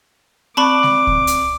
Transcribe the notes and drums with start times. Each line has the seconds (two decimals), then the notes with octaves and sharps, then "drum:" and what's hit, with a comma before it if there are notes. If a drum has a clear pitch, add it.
0.57 C4 D5 A5 B5 C#6 D6 F#6
0.83 drum: snare G#3
1.07 drum: kick C#2
1.27 drum: hi-hat